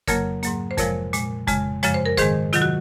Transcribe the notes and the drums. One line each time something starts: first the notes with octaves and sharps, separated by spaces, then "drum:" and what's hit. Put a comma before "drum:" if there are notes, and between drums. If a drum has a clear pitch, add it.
F2 C#3 F#3 A#3 A#4 C#5, drum: kick, hi-hat
G#2 F#3 A#3, drum: hi-hat
C5
F2 C3 F3 G#3 A#4 C#5, drum: kick, hi-hat
A#2 G#3, drum: hi-hat
F2 C#3 G#3, drum: kick, hi-hat
F#2 C#3 F3 G#3 C#5, drum: hi-hat
C5
A#4
G#2 D#3 G#3 G#4 C5, drum: kick, hi-hat
C3 D#3 F#3 F4, drum: hi-hat
F#4